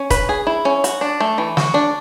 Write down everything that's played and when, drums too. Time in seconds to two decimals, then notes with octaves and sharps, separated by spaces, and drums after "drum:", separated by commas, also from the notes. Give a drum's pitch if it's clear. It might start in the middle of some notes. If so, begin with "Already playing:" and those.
Already playing: C#4
0.11 B4, drum: kick E1, hi-hat
0.29 G#4
0.47 E4
0.65 C#4
0.84 F#4, drum: hi-hat
1.01 D4
1.20 A3
1.38 E3
1.57 F#4, drum: snare
1.74 D4